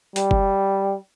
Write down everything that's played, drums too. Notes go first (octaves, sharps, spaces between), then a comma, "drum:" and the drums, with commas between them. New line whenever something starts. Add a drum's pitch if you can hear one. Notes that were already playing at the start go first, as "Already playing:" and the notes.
G3, drum: hi-hat
drum: kick